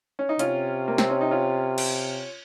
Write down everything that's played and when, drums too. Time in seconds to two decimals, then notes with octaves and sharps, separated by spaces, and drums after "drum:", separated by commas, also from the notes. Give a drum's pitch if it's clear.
0.19 C#4
0.29 D#4
0.39 C3 C#4 F4, drum: hi-hat
0.88 A#3
0.98 C4, drum: snare
1.10 C#4
1.21 D#4
1.31 C#4 F4
1.78 drum: cymbal